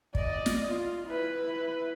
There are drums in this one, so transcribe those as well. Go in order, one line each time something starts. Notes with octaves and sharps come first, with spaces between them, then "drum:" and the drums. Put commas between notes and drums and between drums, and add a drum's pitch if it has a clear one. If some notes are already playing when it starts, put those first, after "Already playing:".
D5 D#5, drum: kick
drum: snare
F4
E4 B4